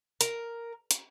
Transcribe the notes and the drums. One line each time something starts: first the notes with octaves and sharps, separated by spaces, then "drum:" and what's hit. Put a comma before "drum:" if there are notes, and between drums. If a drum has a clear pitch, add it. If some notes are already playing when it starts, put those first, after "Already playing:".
A#4, drum: hi-hat
drum: hi-hat